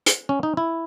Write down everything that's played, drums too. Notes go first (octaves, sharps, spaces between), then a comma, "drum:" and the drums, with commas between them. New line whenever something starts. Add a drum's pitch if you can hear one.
drum: hi-hat
C#4
D#4
E4